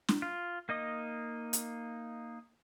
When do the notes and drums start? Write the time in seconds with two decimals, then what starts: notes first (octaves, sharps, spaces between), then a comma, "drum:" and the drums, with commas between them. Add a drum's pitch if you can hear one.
0.08 drum: snare
0.22 F4
0.69 A#3 D#4 D#5 D#6
1.53 drum: hi-hat